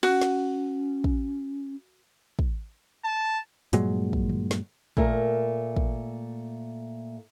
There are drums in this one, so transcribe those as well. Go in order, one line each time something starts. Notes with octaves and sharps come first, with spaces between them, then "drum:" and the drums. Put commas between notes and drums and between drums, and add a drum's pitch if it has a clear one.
C#4 F#4, drum: cymbal
drum: snare
drum: kick
drum: kick
A5
G2 A#2 F#3 G#3, drum: hi-hat
drum: kick
drum: tom D3
drum: snare
A#2 A3 A#4, drum: kick
drum: kick